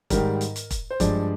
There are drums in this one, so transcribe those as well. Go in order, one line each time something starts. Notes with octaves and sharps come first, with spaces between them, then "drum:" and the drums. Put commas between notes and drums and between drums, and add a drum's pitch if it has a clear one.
G#2 D#3 G3 A#4, drum: kick E1, hi-hat
drum: hi-hat
drum: hi-hat
drum: kick E1, hi-hat
C5
G2 F3 G#3 D4 D5, drum: kick E1, hi-hat